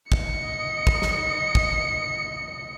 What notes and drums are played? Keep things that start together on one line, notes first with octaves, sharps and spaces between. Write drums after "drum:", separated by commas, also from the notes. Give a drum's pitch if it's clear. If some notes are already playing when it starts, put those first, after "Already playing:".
D#5 C#7, drum: kick
drum: kick
drum: snare
drum: kick